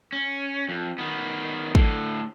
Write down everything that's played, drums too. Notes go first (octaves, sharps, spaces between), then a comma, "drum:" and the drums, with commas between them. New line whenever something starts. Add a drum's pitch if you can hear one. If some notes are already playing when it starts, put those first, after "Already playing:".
C#4
F2
D#3 B3
A2 D3, drum: kick